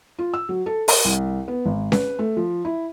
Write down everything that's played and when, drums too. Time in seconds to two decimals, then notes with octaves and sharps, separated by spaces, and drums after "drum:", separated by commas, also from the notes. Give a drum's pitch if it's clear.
0.19 F4
0.34 E6
0.49 F#3
0.66 A4
0.88 A#4, drum: open hi-hat
1.05 C2
1.48 B3
1.66 G#1
1.92 B4, drum: snare C#4
2.19 A3
2.37 F3
2.65 E4